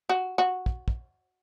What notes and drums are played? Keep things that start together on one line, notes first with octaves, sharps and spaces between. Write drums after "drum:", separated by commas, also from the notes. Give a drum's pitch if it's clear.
F#4
F#4
drum: kick
drum: kick